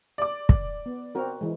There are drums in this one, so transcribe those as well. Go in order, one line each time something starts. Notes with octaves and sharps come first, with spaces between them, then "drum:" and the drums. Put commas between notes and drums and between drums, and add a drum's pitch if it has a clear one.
D5 D6
drum: kick
B3
C4 F#4 A#4
E3 G#3